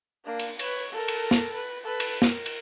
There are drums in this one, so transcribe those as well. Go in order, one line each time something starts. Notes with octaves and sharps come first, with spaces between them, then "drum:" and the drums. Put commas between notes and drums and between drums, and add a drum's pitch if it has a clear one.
A#3 D4
drum: cymbal
B4 C#5, drum: cymbal
A4 A#4
drum: cymbal
drum: snare
B4
A4 B4
drum: cymbal
A#4, drum: snare
drum: cymbal